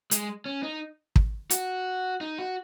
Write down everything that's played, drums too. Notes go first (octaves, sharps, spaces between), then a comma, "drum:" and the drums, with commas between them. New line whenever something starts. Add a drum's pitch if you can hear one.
G#3, drum: hi-hat
C#4
D#4
drum: kick
F#4, drum: hi-hat
D#4
F#4